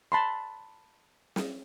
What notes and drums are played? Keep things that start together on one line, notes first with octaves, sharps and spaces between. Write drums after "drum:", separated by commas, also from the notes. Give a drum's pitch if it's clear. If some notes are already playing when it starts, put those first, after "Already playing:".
A5 B5 C6
drum: snare